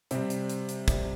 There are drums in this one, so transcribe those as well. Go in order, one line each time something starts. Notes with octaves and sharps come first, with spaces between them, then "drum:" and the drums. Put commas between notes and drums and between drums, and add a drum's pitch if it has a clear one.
C3 G3 C4, drum: hi-hat
drum: hi-hat
drum: hi-hat
drum: hi-hat
C3 G3 C4, drum: kick, hi-hat